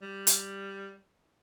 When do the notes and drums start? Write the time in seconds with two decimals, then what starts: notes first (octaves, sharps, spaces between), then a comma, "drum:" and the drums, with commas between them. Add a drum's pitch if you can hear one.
0.02 G3
0.27 drum: hi-hat